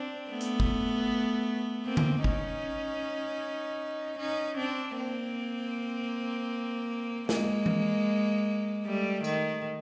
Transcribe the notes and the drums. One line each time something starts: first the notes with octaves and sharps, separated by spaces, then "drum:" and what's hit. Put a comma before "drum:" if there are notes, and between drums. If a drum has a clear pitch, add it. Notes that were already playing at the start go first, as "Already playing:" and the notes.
Already playing: C4 D4
A3 B3
drum: hi-hat
drum: kick G1
A#3 C4
drum: tom D3
C#4 D#4, drum: kick G1
C#4 D#4
C4 D4
A#3 C4
G#3 A#3, drum: snare
drum: tom E3
G3 A3
D#3, drum: tambourine